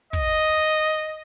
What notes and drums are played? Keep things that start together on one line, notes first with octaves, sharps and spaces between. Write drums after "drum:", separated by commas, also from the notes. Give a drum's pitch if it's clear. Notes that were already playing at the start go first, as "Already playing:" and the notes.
D#5, drum: kick